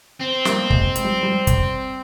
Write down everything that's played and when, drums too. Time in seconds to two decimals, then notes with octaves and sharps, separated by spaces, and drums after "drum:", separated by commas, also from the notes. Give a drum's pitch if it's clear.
0.20 C4
0.45 G3 A#3, drum: snare
0.70 G#3, drum: kick
0.96 G#3, drum: hi-hat
1.05 G3
1.23 G3
1.47 drum: kick, hi-hat